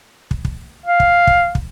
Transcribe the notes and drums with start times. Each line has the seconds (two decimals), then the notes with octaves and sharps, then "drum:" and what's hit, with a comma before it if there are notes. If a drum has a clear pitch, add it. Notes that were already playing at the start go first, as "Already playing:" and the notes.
0.31 drum: kick
0.45 drum: kick
0.86 F5
1.00 drum: kick
1.27 drum: kick
1.55 drum: kick